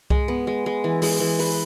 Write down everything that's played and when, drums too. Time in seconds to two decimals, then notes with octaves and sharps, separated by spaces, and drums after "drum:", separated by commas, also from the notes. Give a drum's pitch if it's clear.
0.10 G#3, drum: kick C2
0.28 B3
0.47 G#3
0.66 G#3
0.84 E3
1.02 G#3, drum: open hi-hat
1.20 E3
1.39 B4, drum: open hi-hat